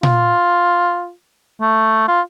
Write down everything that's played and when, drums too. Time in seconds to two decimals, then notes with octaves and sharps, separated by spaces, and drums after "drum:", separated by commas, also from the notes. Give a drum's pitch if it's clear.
0.03 F4, drum: tom A#2
1.61 A3
2.08 F4